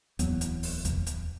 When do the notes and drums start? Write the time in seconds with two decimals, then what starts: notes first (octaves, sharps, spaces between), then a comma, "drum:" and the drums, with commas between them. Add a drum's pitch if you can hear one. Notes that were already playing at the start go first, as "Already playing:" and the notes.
0.19 D1 E2 F#3 B3, drum: hi-hat
0.41 drum: hi-hat
0.63 drum: open hi-hat
0.85 drum: kick E2, hi-hat
1.07 drum: hi-hat